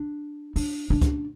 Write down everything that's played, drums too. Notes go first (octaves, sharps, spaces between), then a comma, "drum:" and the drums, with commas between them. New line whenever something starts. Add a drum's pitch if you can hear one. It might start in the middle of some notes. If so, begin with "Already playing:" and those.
Already playing: D4
D4, drum: open hi-hat
D4
drum: kick, hi-hat